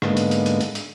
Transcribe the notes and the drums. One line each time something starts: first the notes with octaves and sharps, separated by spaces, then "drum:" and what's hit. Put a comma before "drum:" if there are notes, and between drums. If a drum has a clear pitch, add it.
G#2 D3 G#3 A#3 B3, drum: rim click
drum: hi-hat
drum: hi-hat
drum: hi-hat
drum: hi-hat
drum: hi-hat